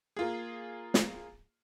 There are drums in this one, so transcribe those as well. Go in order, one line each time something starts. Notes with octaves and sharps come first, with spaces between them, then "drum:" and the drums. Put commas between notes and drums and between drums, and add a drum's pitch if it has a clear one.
A#3 F4 G#4
drum: snare